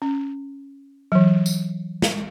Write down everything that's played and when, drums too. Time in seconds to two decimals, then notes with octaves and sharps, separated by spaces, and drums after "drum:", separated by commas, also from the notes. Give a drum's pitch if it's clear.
0.02 C#4
1.12 E3 F#3
1.46 drum: tambourine
2.02 drum: snare